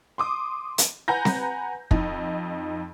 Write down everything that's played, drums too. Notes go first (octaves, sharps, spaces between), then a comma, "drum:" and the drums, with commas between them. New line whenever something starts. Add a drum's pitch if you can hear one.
C6 D6 D#6
drum: hi-hat
B4 F#5 G#5 A#5 G6 A#6
drum: snare C4
F2 D#4, drum: kick